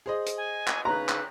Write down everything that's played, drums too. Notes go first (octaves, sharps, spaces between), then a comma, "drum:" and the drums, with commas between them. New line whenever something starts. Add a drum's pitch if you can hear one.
G#4 C5 D#5
drum: hi-hat
G#5
drum: clap
C#3 D#4 B4 A#5 F#6
drum: clap